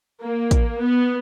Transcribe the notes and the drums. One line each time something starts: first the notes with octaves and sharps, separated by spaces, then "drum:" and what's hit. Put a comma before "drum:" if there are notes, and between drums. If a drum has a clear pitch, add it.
A#3
drum: kick, hi-hat
B3